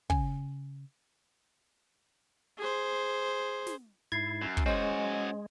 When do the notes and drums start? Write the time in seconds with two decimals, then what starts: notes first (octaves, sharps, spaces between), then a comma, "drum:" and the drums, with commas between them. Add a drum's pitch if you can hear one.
0.10 C#3 C#4 G#5, drum: kick
2.58 G#4 C5
3.67 drum: snare
4.12 G#2 E4 G#6 A6 C7
4.42 F#2
4.57 drum: kick
4.66 G#3 C#4 F#4 G#4 C5 D#5